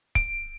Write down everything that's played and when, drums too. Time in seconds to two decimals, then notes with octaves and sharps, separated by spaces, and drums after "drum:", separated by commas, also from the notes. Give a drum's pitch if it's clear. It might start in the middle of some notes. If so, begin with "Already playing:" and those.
0.15 D7, drum: kick